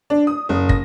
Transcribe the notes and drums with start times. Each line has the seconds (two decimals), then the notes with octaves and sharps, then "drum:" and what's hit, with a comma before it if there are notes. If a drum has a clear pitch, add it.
0.10 D4
0.27 D#6
0.49 F#1
0.69 A#6, drum: kick